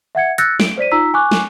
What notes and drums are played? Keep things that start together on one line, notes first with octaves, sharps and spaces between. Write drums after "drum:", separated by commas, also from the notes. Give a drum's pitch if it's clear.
E5 F#5 G#6 C#7
E6 F#6 G6 A6 A#6 C#7, drum: hi-hat
D7, drum: snare
C5 D5 B6 D#7
D#4 F4 A#5 E6 B6
G#5 C#6 D6 F#6
drum: snare